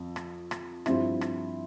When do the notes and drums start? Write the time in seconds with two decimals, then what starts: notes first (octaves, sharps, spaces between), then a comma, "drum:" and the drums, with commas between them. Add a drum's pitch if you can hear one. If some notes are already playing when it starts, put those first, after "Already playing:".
Already playing: F2
0.16 drum: rim click
0.51 drum: rim click
0.86 G2 F3 C4 E4, drum: rim click
1.21 drum: rim click